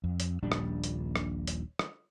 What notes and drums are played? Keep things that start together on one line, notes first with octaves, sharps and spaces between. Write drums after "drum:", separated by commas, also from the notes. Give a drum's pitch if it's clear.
F2
drum: hi-hat
D#1 A#1 G3 D4
drum: rim click
drum: hi-hat
drum: rim click
drum: hi-hat
drum: rim click